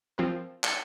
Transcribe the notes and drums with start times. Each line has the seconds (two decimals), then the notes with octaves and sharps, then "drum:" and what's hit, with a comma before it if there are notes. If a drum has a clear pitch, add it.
0.18 F3 C4 F4 A#4
0.64 drum: clap